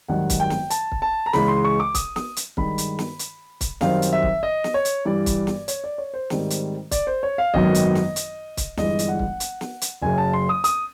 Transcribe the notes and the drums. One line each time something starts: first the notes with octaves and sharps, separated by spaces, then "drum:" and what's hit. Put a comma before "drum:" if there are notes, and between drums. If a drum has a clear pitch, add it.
G#1 F#2 D#3 G3 F#5
drum: kick, hi-hat
G5
drum: snare
A5, drum: hi-hat
drum: kick
A5
A#5
C#2 C#3 E3 G#3 B5, drum: snare
C6
C#6
D6
D#6, drum: kick, hi-hat
D#6, drum: snare
drum: hi-hat
G2 D#3 G#3 B5, drum: kick
drum: hi-hat
drum: snare
drum: hi-hat
drum: kick, hi-hat
F#2 D#3 G3 C4 F5, drum: snare
drum: hi-hat
E5
drum: kick
D#5
drum: snare
C#5
drum: hi-hat
G2 E3 G3 D5
drum: kick, hi-hat
drum: snare
C#5, drum: hi-hat
D5
C#5
C5
G#2 D#3 G3 C4, drum: snare
drum: hi-hat
D5, drum: kick, hi-hat
C5
C#5
F5
G#1 F#2 D#3 F#3 B3 D#5, drum: kick
drum: hi-hat
drum: snare
drum: hi-hat
drum: kick, hi-hat
G1 G2 E3 G#3 D#5, drum: snare
drum: hi-hat
F#5
drum: kick
drum: hi-hat
drum: snare
drum: hi-hat
F#1 F#2 C#3 G#5
A5
C6
D#6
D#6, drum: hi-hat